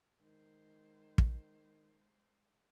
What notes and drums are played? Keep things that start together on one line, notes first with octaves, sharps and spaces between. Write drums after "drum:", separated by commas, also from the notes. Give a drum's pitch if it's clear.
D#3 G#3 C5
drum: kick